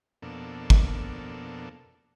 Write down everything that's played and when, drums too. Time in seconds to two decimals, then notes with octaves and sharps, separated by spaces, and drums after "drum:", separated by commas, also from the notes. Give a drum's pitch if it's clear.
0.22 F2 B2 A#3 D4 A4
0.70 drum: kick